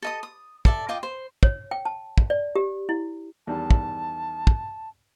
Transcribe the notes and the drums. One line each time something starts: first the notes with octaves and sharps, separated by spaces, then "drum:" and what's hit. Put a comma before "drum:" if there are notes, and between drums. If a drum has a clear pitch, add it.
A4 D#5 D#6
D#6
A4 D5 E5, drum: kick
F4 D#5 G5 D6
C5
C#5, drum: kick
G5
A5
drum: kick
D5
G4
E4
E2 D#3 G3 A5
drum: kick
drum: kick